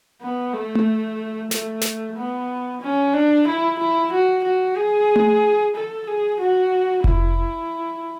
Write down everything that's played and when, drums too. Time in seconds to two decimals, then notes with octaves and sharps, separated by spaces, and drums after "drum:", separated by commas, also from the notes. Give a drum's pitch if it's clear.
0.22 B3
0.53 A3
0.75 drum: tom A3
1.51 A3, drum: snare
1.81 drum: snare
2.16 B3
2.81 C#4
3.13 D4
3.47 E4
3.79 E4
4.12 F#4
4.44 F#4
4.76 G#4
5.16 drum: tom A3
5.75 A4
6.07 G#4
6.39 F#4
7.04 E4, drum: kick F1